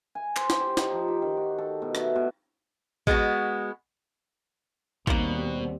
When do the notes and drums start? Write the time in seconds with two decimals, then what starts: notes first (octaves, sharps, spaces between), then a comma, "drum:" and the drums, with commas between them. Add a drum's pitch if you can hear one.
0.15 G#5
0.36 C5, drum: clap
0.50 drum: snare
0.60 G4
0.77 D#4, drum: snare
0.92 F3
1.08 G4
1.22 D#3
1.37 F#4
1.58 A4
1.82 B2
1.95 E5, drum: rim click
2.16 B2
3.07 G#3 B3 F#4, drum: kick
5.07 D#2 B2 D#3 G3 A#3 C4, drum: kick